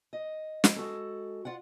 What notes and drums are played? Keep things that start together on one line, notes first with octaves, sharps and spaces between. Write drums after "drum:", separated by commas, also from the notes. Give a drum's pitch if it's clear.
D#5
drum: snare
G#3 F#4 A4
F4 D5 F#5